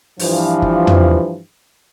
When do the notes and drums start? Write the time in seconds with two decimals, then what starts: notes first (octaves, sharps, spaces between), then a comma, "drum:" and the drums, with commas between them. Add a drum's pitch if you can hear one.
0.19 G2 E3 F3, drum: open hi-hat
0.62 drum: kick
0.87 drum: tom